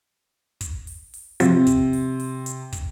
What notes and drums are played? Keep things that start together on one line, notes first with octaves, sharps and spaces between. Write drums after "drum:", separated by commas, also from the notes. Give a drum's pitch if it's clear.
drum: kick, hi-hat
drum: open hi-hat
drum: open hi-hat
C3 F3, drum: hi-hat
drum: kick, hi-hat
drum: open hi-hat
drum: open hi-hat
drum: hi-hat
drum: kick, hi-hat